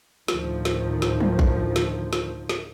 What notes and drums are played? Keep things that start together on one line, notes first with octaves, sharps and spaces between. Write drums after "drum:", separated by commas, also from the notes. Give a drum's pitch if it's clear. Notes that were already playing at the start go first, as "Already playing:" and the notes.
D2 A2 D#3 F3, drum: snare
drum: snare
drum: snare
drum: tom F3
drum: kick A#1
drum: snare
drum: snare
drum: snare